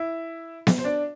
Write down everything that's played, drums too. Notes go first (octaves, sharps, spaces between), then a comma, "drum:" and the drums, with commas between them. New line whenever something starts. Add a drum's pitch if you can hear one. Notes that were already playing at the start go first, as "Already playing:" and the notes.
Already playing: E4 E5
drum: snare B3
C5
D4 D5